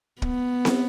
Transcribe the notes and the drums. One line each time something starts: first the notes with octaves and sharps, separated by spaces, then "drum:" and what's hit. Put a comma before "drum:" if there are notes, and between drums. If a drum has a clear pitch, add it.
B3, drum: kick
drum: snare C4